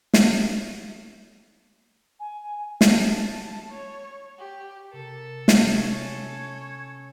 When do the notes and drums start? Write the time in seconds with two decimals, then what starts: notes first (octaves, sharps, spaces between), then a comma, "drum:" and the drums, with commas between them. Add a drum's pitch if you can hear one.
0.14 drum: snare
2.20 G#5
2.81 drum: snare
3.10 A5
3.70 C#5
4.38 G4
4.93 C3 C4 A4 A#4
5.48 drum: snare
5.75 C#4 C#5